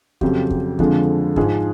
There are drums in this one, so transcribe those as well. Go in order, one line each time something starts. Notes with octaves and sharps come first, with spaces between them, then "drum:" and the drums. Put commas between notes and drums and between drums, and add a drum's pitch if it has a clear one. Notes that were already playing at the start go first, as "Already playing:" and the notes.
F2 C#3 F#3 G4, drum: kick
drum: kick
F2 D3 F3 G#3, drum: kick
G#2 F3 G#3 G#4, drum: kick